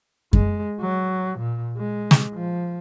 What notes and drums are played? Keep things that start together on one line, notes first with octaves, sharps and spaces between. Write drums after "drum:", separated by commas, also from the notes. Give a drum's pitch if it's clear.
G#3, drum: kick F#2
F#3
A#2
G#3
drum: snare
F3